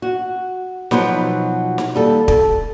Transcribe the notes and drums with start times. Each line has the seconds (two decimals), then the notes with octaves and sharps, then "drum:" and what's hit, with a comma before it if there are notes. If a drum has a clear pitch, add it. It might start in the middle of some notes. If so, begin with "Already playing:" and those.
0.02 F#4
0.91 B2 F3 F#3 D#4 B4, drum: snare
1.78 drum: snare
1.95 D#2 G3 A4
2.28 A4, drum: kick